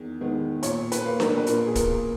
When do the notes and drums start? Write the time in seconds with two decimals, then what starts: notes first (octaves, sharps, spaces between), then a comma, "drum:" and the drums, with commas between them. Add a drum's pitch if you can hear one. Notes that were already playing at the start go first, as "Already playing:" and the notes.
Already playing: E2 D#3
0.21 D#3 G#3 B3
0.63 A#2 C#5, drum: hi-hat
0.92 B4, drum: hi-hat
1.06 A#3
1.20 A#4, drum: snare D4
1.38 B4
1.46 A#2 A#4, drum: hi-hat
1.67 G#4
1.75 A#4, drum: kick, hi-hat
1.89 A#3